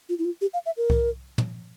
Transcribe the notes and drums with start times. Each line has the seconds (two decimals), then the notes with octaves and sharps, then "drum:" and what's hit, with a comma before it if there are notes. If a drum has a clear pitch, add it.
0.09 F4
0.19 E4
0.25 F4
0.41 G4
0.54 F5
0.66 E5
0.77 A#4
0.90 drum: kick C2
1.38 drum: tom